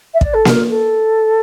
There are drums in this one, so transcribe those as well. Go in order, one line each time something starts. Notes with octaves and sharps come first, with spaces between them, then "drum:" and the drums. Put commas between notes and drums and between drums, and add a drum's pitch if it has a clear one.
E5
D5, drum: kick
A4
A#4, drum: snare A#3
A4